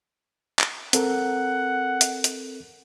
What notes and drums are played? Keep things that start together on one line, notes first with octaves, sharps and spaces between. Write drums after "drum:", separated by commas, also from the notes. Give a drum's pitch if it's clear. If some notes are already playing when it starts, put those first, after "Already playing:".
drum: clap
C4 A4 A#4 F#5, drum: hi-hat
drum: hi-hat
drum: hi-hat